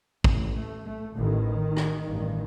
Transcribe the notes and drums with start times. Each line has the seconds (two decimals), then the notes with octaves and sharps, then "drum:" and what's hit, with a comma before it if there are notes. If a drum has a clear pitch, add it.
0.24 A1, drum: kick
0.29 A2
0.56 A3
0.85 A3
1.15 A1 A2 D#3
1.77 drum: rim click
2.07 A1 G2